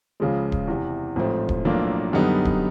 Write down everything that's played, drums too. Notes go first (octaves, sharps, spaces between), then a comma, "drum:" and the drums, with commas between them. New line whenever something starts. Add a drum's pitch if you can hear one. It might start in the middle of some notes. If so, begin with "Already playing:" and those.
C#2 C#3 F3 G#3
drum: kick D1
E2 C3 E3
A1 G#2 F3 A3 C4
drum: kick D1
B1 A2 F3 A#3 D4
F#2 D3 G3 B3 D#4
drum: kick D1